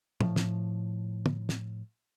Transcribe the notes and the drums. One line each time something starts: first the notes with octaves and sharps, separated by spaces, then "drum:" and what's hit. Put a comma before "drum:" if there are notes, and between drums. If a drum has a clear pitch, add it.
A2 F3, drum: tom
drum: snare
drum: tom
drum: snare